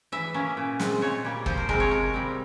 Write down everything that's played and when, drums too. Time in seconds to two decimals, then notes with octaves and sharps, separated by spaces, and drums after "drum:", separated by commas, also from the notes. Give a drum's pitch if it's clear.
0.12 E3 E5
0.34 A#3 C#4
0.57 A#2
0.80 G#3 C4, drum: snare
1.02 A#2 C#5
1.25 G3 A#3
1.46 F3 C5, drum: kick
1.57 A#4
1.69 G#3 C4 A#4, drum: kick
1.80 C#5
1.91 C3 A#4
2.14 G3 C4